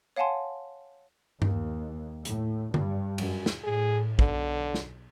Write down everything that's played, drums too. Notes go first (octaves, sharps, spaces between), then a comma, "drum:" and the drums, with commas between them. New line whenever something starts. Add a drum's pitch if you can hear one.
C#5 F5 F#5 G#5 A5 C6
D#2, drum: tom G2
A2, drum: hi-hat
G2, drum: tom D3
F#2, drum: cymbal
drum: snare
A2 G#4
B1 D3, drum: kick
drum: snare